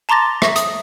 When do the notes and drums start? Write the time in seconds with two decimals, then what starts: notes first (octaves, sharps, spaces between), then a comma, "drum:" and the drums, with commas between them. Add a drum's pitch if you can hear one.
0.09 A5 A#5 C6 D6 A6 A#6
0.42 E5 C#6 A#6, drum: rim click
0.56 D#6, drum: hi-hat